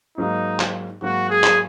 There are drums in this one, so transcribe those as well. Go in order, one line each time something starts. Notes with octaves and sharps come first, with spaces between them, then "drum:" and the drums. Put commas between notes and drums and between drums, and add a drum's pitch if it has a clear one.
G#2 F#3 A#3 D#4
drum: clap
G#2 F#3 A#3 F#4
G#4
drum: clap